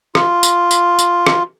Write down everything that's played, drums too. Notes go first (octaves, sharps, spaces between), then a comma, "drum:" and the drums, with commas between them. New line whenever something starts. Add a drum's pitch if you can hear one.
F4, drum: rim click
drum: tambourine
drum: tambourine
drum: tambourine
drum: rim click